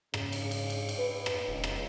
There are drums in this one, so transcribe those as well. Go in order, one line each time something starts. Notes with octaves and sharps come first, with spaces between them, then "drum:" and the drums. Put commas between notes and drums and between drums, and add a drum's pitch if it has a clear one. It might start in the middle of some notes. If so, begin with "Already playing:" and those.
G#2 C#3, drum: rim click
drum: cymbal
drum: cymbal
drum: cymbal
drum: cymbal
B4
drum: rim click
E1 C#2
drum: rim click